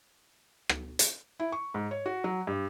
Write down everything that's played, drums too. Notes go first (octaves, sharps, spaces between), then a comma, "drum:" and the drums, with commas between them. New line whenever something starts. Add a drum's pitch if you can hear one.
drum: rim click
drum: hi-hat
E4
C#6
G#2
C#5
F#4
F#3
G2